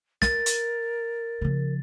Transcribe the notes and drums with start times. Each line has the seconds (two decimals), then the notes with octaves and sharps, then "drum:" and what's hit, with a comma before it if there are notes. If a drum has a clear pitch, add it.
0.22 A#4 A6, drum: snare
0.46 drum: hi-hat
1.41 C#3 F3